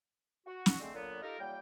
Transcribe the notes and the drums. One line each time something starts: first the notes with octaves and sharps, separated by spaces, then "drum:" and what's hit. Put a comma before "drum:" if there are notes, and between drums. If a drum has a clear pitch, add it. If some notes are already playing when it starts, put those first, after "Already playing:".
F#4
drum: snare
D3 G#3 A3 C4
A#2 D3 F#3 A#3 B3
D#4 F4 G4 A4 A#4
E2 F#3 G3 A#3 G5